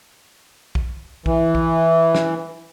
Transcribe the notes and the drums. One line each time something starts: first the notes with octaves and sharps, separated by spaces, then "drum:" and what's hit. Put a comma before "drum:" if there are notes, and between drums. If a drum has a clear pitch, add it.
drum: kick
E3, drum: kick
drum: kick
drum: snare